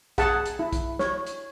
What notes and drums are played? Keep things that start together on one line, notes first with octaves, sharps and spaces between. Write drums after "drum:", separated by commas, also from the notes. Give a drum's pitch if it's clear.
G#4 F#5 A5, drum: kick, hi-hat
drum: hi-hat
E4
drum: kick, hi-hat
C#5, drum: snare
drum: hi-hat